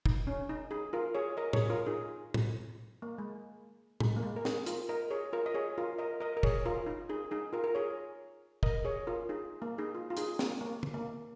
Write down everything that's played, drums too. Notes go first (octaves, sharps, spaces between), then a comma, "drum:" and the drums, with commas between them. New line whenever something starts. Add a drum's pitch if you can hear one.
D#4, drum: kick
C#4
D#4
D#4 G#4
F4 A#4
G#4 C#5
A#4 D#5
G#4 C#5, drum: tom
F4 A#4
D#4 G#4
drum: tom
A#3
G#3
G#3, drum: tom
A#3
G#3
A#4
D#4 G#4, drum: snare
F4 A#4, drum: hi-hat
A#4 D#5
G#4 C#5
F4 A#4
D#5
G#4 C#5
F4 A#4
A#4 D#5
A#4 D#5
A#4
G#4 C#5, drum: kick
F4 A#4
D#4
D#4 G#4
D#4 G#4
F4 A#4
A#4
G#4 C#5
A#4 D#5, drum: kick
G#4 C#5
F4 A#4
D#4 G#4
A#3
D#4 G#4
F4
F4
D#4 G#4, drum: hi-hat
A#3, drum: snare
A#3
drum: tom
A#3